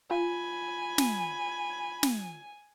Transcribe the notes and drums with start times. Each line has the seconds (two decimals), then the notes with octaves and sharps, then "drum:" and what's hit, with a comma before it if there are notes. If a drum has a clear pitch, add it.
0.11 F4 G#5 B5
0.98 drum: snare
2.03 drum: snare